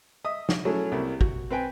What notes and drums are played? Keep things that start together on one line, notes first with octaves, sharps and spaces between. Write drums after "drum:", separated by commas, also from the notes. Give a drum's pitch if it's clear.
D#5 E5 D#6
drum: snare
F#3 A3 C#4 E4 G#4 A4
C2 A#3 E4
F#4, drum: kick
C4 B4 G5 G#5